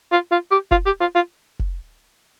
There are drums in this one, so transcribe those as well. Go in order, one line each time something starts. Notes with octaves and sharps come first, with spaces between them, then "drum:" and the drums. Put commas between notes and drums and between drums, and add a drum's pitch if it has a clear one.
F4
F4
G4
F4, drum: kick F1
G4
F4
F4
drum: kick F1